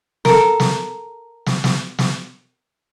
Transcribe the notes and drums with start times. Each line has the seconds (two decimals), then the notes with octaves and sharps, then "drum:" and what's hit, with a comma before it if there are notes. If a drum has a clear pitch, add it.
0.25 A4 A#4, drum: snare
0.60 drum: snare
1.46 drum: snare
1.64 drum: snare
1.99 drum: snare